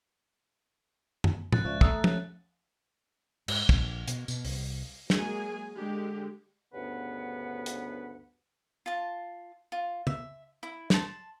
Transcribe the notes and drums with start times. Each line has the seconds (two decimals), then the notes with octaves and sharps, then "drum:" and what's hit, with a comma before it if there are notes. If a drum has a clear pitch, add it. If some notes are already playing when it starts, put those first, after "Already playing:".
1.24 drum: tom F#2
1.52 F#6 A6, drum: tom A2
1.65 C#2 F3 D5 E5 C#6
1.81 A3 E5 A#5 D#6 E6, drum: kick
2.04 C#5, drum: tom F3
3.48 G#2, drum: cymbal
3.69 A#1, drum: kick
4.08 B2, drum: hi-hat
4.28 B2, drum: tambourine
4.45 C2, drum: open hi-hat
5.10 F#3 G#3 A#3 G#4 G#5, drum: snare
5.76 D3 G#3 G4
6.74 D2 G2 C#3 B3 B4 F#5
7.66 drum: hi-hat
8.86 F4 A5
9.72 F4
10.07 E5, drum: tom
10.63 E4
10.90 A5 C6, drum: snare